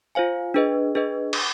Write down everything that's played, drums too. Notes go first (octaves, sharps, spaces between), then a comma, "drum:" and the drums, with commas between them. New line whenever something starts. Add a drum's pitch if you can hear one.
F4 C5 F5 G#5
D4 G#4 B4 D#5
D4 G#4 B4 D#5
drum: cymbal